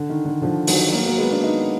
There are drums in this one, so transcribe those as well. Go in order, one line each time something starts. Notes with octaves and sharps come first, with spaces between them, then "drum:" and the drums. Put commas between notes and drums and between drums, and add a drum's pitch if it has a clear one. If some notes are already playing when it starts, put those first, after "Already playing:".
Already playing: D3
D#3
D3
D3 F3
D#3 F#3, drum: open hi-hat
F#3 A#3
F#3 A#3
G#3 B3
A#3 D4
B3 D#4